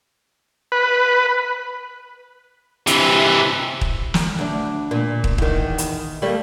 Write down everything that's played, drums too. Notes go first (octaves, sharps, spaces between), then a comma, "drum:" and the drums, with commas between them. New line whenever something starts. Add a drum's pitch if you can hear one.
B4
C3 E3, drum: hi-hat
drum: kick
drum: snare
D2 D4
A#2
drum: kick
E2 D#3, drum: kick
drum: hi-hat
G3 A3 A#3